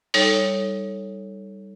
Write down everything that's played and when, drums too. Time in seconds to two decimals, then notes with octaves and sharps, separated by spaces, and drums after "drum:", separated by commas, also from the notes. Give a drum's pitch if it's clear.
0.14 G3 D#4 A4 C#5, drum: open hi-hat